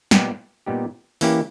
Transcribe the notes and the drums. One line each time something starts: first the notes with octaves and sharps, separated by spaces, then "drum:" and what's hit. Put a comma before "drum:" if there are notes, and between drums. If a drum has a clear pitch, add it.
A#2 G3 B3 D#4 G4, drum: snare
A#2 G3 B3 D#4 G4
E3 A#3 C#4 E4 G4, drum: open hi-hat